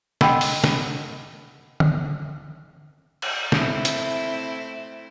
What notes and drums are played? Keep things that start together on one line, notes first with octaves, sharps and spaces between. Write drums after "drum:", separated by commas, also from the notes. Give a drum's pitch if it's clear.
D#5 F#5 G5 B5 C6 E6, drum: snare
drum: open hi-hat
drum: snare
drum: tom D3
drum: cymbal
A3 C4 E4, drum: snare
drum: hi-hat